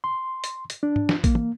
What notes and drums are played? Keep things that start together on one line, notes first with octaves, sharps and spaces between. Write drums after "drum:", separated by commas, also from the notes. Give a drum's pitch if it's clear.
C6
drum: hi-hat
drum: hi-hat
D4
drum: tom
drum: snare
A#3, drum: kick A1, hi-hat
drum: tom